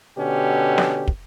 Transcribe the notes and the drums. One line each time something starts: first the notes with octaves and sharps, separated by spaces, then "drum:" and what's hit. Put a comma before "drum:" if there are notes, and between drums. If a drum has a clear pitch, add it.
B2 D3 C#4 G4
drum: snare
drum: kick